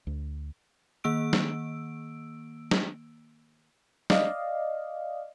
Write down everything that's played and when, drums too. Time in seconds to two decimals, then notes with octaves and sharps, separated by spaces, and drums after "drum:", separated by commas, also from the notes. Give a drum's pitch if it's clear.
0.07 D2
1.04 D#3 A#3 E6 D7
1.33 drum: snare
2.71 drum: snare
4.10 D5 D#5 F5, drum: snare